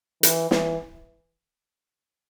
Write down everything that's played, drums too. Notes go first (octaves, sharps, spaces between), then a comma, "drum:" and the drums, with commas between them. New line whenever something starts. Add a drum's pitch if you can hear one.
E3, drum: hi-hat
E3, drum: snare